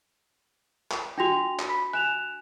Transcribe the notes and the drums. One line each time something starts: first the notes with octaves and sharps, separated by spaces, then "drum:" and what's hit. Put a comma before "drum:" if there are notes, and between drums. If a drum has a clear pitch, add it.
drum: clap
D4 F#4 G5 A#6 F7
drum: clap
B5 B6
G#5 F#6 E7 F7